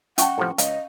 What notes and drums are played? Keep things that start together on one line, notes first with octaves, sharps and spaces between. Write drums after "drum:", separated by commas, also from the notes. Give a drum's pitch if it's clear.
C#4 E5 F#5 G5 A5 C#6, drum: hi-hat
A2 C3 F3
C#2 D#5 F5, drum: hi-hat